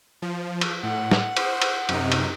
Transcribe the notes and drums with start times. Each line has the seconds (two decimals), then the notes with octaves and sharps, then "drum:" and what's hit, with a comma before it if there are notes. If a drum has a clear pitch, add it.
0.22 F3
0.61 drum: cymbal
0.83 A2 F#5
1.11 drum: snare
1.37 C5, drum: cymbal
1.62 drum: cymbal
1.89 F#2 C3 D#4, drum: cymbal
2.12 drum: cymbal